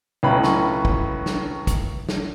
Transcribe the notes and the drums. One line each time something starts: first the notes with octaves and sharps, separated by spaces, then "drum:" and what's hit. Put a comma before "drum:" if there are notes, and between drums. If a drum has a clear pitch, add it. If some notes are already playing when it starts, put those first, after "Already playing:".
C#2 A2 F#3 C#4 B4 B5
drum: snare
drum: kick
drum: snare
drum: kick, hi-hat
drum: snare